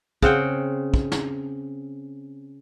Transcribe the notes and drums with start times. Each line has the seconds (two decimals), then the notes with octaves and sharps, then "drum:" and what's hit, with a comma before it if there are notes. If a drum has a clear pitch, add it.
0.22 C#3 C4 F#5 G5, drum: kick
0.94 drum: kick
1.12 drum: snare